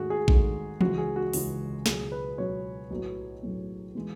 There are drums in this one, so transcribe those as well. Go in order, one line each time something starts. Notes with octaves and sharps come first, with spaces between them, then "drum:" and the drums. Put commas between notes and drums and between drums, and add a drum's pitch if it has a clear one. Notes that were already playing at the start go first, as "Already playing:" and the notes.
Already playing: G#2 D#3 A3 F#4 G#4
G#4
G#2 D#3 A3, drum: kick
C#2 C#3 E3 G#3 F#4, drum: tom E3
G#4
F#4
C#2 C#3 E3 G#3, drum: open hi-hat
C#2 B2 F#3 G#4, drum: snare
B4
C#2 B2 F#3 C#5
B1 A2 F#3 B3
B1 A2 F#3 B3
E3 G#3 B3